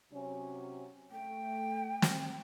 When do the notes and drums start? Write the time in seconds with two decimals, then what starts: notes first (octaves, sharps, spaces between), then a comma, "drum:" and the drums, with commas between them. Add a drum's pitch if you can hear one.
0.12 C3 F#3 C#4
1.11 A3 G5
2.02 drum: snare